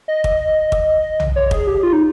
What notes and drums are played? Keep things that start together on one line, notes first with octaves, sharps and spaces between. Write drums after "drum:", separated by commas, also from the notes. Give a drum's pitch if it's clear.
D#5
drum: kick
drum: kick
drum: tom
C#5
G#4, drum: kick
G4
F4
D#4